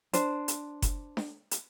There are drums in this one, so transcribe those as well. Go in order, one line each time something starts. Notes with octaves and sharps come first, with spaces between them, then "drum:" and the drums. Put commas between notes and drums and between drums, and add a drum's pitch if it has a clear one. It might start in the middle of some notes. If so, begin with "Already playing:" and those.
D4 C5, drum: hi-hat
drum: hi-hat
drum: kick F#1, hi-hat
drum: snare D4
drum: hi-hat